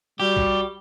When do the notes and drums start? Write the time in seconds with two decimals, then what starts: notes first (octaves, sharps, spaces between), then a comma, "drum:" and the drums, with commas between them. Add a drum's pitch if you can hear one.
0.20 G3 F#4 G4
0.37 drum: kick A#1